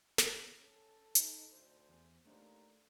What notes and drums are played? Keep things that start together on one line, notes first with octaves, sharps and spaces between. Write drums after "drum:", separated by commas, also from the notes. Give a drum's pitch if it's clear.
drum: snare
C#4 A4
D#4, drum: hi-hat
D2 C5
E2
D#2 A3 D4 C5 A#5